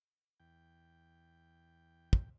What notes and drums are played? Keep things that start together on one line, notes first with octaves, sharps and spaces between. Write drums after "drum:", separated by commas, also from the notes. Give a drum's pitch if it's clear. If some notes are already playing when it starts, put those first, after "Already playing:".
E2 G5
drum: kick